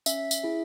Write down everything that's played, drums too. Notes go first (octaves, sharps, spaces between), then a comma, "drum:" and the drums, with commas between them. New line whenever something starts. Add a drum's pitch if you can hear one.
C#4 E5, drum: tambourine
drum: tambourine
E4 G#4